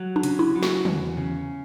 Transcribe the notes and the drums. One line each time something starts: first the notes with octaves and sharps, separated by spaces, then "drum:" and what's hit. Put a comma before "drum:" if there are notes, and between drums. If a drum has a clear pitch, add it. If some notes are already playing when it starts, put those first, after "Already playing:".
Already playing: F#3
D4
C#3, drum: hi-hat
E4
F#3
F#4, drum: snare
E2, drum: tom
C#3